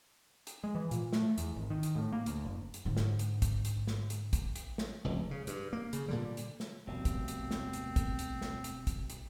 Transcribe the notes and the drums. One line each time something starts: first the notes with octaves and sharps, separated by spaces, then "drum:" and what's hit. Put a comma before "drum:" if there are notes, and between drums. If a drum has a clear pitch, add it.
drum: hi-hat
G#3
E3
A#2, drum: hi-hat
A3, drum: snare
E2, drum: hi-hat
G#1
D#3
drum: hi-hat
A2
A#3
D2, drum: hi-hat
F#1
drum: hi-hat
G#2 D3
drum: snare
drum: hi-hat
drum: kick, hi-hat
drum: hi-hat
drum: snare
drum: hi-hat
drum: kick, hi-hat
drum: hi-hat
drum: snare
F1 C#2
C#3
G2, drum: hi-hat
A#3
C#3, drum: hi-hat
A#2 D3 G3
drum: hi-hat
drum: snare
F1 D2 B2 G3 A#3 C4
drum: kick, hi-hat
drum: hi-hat
drum: snare
drum: hi-hat
drum: kick, hi-hat
drum: hi-hat
drum: snare
drum: hi-hat
drum: kick, hi-hat
drum: hi-hat